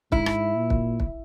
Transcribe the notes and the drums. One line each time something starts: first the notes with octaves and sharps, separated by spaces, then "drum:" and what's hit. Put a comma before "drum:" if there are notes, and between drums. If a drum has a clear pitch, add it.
G#2 E4, drum: kick
drum: rim click
A#2
drum: kick
drum: kick